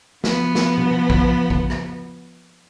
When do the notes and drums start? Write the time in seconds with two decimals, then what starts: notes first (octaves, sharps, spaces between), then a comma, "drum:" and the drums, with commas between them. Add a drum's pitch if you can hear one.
0.24 F3 B3, drum: snare
0.55 drum: snare
0.78 drum: tom B2
1.10 drum: kick A#1
1.50 drum: kick A#1
1.70 drum: rim click